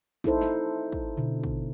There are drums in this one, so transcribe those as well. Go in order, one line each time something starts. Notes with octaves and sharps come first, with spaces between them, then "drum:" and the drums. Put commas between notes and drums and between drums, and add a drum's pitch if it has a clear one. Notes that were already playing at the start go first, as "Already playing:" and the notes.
D#4 E4 A4 C5, drum: kick
drum: snare
drum: kick
B2 D3
drum: kick